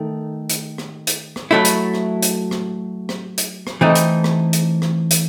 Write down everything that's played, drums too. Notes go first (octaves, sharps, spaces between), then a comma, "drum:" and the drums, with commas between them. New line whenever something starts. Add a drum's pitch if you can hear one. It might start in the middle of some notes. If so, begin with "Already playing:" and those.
Already playing: D#3 A3
drum: hi-hat
drum: rim click
drum: hi-hat
drum: rim click
F#3 A3 E4
drum: hi-hat
drum: rim click
drum: hi-hat
drum: rim click
drum: rim click
drum: hi-hat
drum: rim click
E3 A3 C4 D#4
drum: hi-hat
drum: rim click
drum: hi-hat
drum: rim click
drum: hi-hat